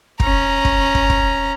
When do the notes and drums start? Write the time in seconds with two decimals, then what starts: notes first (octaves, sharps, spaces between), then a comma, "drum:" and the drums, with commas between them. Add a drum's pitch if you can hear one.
0.20 C#4 A#5, drum: kick
0.65 drum: kick
0.95 drum: kick
1.10 drum: kick